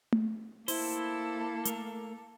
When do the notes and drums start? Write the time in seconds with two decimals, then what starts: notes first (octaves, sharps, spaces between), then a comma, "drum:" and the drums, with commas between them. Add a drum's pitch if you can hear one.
0.12 drum: tom A3
0.68 A#3 E4 A4 C5, drum: open hi-hat
1.65 A3 A#4, drum: hi-hat